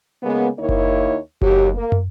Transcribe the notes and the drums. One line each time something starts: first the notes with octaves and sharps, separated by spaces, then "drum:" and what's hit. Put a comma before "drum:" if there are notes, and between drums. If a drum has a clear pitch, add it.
C#3 G#3 A#3 B3
D#2 D#3 A#3 E4 C#5
drum: kick F#1
D#2 F#3 G4, drum: kick F#1
A#3
drum: tom